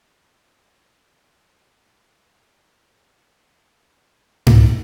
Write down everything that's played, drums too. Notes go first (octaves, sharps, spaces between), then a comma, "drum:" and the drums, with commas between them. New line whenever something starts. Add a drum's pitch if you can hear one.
D4 A#4 D5 D#5
D#3 C#5 E6 F#6 C7
drum: tom G#2